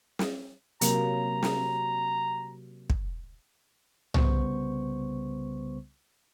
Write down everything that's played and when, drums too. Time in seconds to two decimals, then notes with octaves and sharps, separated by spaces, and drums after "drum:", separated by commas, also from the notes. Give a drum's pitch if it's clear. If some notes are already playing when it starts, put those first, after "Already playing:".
0.19 drum: snare
0.81 C3 F#3 A#3 A#5, drum: hi-hat
1.43 drum: snare
2.90 drum: kick
4.14 C2 C#3 G3 B3 C5 C#6, drum: tom C2